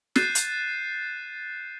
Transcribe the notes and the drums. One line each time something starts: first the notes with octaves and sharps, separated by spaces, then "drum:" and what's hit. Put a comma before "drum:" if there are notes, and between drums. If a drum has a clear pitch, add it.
F#6 G6 A6 C7 D#7 E7, drum: snare
drum: hi-hat